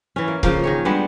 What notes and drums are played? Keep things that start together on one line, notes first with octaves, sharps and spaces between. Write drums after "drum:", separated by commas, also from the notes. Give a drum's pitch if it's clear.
E3 C#4
A#3
C#3 F3 A#3, drum: kick C#1
D#3 G#4 C#5
G3 G#3 B3 D4